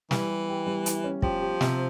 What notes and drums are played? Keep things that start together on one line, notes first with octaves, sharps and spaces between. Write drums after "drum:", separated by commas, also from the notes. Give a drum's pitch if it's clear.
E3 G3, drum: snare
G4
G4
G3
E4, drum: hi-hat
C#4
F3 G4, drum: kick
G4
C3, drum: snare